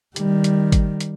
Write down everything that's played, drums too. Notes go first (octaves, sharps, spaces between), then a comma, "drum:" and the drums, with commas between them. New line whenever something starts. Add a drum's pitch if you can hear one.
D#3 G3, drum: hi-hat
drum: hi-hat
drum: kick, hi-hat
drum: hi-hat